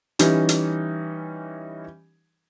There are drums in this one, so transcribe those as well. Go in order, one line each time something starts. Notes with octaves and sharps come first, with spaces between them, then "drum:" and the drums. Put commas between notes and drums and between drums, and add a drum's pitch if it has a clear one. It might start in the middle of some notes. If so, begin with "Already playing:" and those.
E3 G3 C#4 D#4, drum: hi-hat
drum: hi-hat